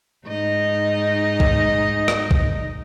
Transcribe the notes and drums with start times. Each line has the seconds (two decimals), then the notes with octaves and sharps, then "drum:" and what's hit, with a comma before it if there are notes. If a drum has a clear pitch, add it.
0.27 G#2 D#4 D#5
1.40 drum: kick A#1
2.08 drum: rim click
2.31 drum: kick A#1